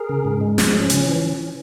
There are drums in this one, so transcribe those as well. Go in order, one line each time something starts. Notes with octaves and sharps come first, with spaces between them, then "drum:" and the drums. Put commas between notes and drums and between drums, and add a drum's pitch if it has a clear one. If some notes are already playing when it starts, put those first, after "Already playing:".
Already playing: G#4 A#4
C#3
G#2
G#3
F3, drum: snare
C#4
C#3, drum: hi-hat
E3